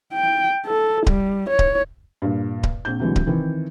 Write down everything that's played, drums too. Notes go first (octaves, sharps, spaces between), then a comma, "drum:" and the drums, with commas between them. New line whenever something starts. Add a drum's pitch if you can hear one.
G5
A4
G3, drum: kick D1
C#5
drum: kick D1
G2 A#2
drum: kick D1
A#1 C4 G6
C2 D3 E3 F#3 G#3
drum: kick D1
D#3 E3 C4